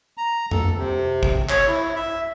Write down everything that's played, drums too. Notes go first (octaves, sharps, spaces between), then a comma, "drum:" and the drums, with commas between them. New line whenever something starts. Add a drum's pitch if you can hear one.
A#5
A4, drum: tom F2
C3
drum: kick G#1
C#5, drum: clap
E4
E5